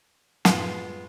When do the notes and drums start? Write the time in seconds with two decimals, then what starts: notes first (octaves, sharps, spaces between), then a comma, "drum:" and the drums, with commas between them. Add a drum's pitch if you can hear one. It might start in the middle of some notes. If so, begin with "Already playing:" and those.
0.45 F#2 A2 G#3 B3 F4, drum: snare